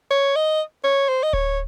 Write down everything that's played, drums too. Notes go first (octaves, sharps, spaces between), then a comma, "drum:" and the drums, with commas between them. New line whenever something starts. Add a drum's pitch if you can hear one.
C#5
D#5
C#5
C5
D#5
C#5, drum: kick D1